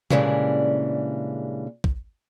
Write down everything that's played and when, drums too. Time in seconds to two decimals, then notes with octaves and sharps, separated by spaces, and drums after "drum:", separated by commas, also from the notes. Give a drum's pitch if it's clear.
0.11 A#2 C#3 E3 G3 G#3 D4, drum: tom C3
1.84 drum: kick